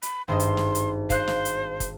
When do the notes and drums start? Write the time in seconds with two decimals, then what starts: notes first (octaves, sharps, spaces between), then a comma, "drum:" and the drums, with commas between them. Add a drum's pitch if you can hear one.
0.02 B5, drum: hi-hat
0.28 G#1 G2 D#5 C6
0.40 drum: hi-hat
0.57 drum: snare
0.75 drum: hi-hat
1.10 C5 F5 F#6, drum: kick, hi-hat
1.27 drum: snare
1.45 drum: hi-hat
1.80 drum: kick, hi-hat